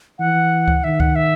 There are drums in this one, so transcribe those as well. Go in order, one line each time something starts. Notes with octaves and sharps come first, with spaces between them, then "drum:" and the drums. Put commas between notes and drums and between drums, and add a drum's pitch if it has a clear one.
E3 F#5
drum: kick C#2
D#3 E5
F#5, drum: kick C#2
E5